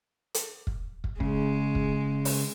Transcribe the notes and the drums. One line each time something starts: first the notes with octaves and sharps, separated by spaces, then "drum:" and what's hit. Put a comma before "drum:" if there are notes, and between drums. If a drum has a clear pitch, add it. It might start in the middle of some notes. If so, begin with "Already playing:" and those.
drum: hi-hat
drum: kick
drum: kick
C#3 G#3, drum: kick
drum: kick
drum: open hi-hat